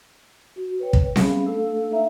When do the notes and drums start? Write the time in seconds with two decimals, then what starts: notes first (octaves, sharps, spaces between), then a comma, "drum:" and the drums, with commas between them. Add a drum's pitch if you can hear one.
0.56 F#4
0.79 B4 C#5 G5
0.93 drum: kick
1.16 G3 B3 C#4 G#4 F5 B5, drum: snare C4
1.46 A3 D4 A4 F5 E6
1.91 D#4 E5 F5 A#5